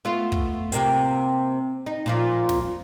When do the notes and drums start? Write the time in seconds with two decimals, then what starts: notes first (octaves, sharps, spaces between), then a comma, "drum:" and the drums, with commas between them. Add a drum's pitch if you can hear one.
0.05 A3 B3 F4
0.32 drum: kick
0.72 C3 A#3 C4, drum: hi-hat
1.86 D#4
2.06 A#2 F3 F4
2.49 drum: snare